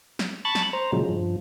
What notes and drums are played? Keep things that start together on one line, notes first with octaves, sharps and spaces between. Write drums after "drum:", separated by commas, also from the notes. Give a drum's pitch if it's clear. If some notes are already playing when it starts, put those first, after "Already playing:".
drum: snare
A5 B5 C#6 F#6 A6
drum: snare
C5 A#5
A#2 C#3 F3 F#3 G#3
G2 F3